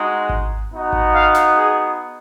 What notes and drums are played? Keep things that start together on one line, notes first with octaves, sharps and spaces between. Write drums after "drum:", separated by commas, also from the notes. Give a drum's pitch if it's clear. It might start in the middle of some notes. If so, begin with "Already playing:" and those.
Already playing: G#3 D#4 F#4
drum: kick G#1
B3 D#4 F#4
drum: kick G#1
F5
drum: snare
G#4